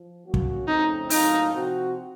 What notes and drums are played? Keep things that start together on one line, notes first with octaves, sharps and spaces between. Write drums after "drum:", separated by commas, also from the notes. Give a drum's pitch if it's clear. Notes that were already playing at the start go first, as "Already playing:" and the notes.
Already playing: F3
F#3 A#3 C#4 F#4
drum: kick
F2 C#3 A3 C4 D#4
A2 F#3 A#3 D#4 F4 A4, drum: open hi-hat
C3 F3 C4 F#4